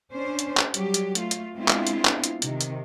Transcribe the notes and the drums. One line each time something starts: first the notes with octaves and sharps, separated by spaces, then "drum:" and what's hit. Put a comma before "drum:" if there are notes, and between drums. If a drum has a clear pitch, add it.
C#4 D4 C5
drum: hi-hat
drum: clap
F#3 G3 G4, drum: hi-hat
drum: hi-hat
A3 F4, drum: hi-hat
drum: hi-hat
G#3 B3 C4 D4 E4 F4
drum: clap
drum: hi-hat
drum: clap
drum: hi-hat
C3 D#3, drum: hi-hat
drum: hi-hat